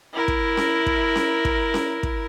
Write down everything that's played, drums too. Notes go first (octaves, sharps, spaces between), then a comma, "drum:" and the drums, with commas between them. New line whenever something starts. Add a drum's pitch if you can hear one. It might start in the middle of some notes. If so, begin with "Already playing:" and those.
E4 A#4
drum: kick
drum: snare C#4
drum: kick
drum: snare C#4
drum: kick
drum: snare C#4
drum: kick